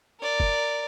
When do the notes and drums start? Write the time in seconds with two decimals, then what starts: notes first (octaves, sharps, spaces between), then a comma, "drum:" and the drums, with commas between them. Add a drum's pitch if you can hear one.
0.20 A#4 D5
0.40 drum: kick